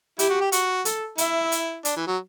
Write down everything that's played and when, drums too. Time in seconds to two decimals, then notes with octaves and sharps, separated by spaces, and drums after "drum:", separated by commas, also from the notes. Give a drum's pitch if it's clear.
0.19 E4 G4, drum: hi-hat
0.30 F#4
0.41 G4
0.52 F#4, drum: hi-hat
0.85 A4, drum: hi-hat
1.18 E4 E5, drum: hi-hat
1.52 drum: hi-hat
1.85 D4, drum: hi-hat
1.97 E3
2.07 F#3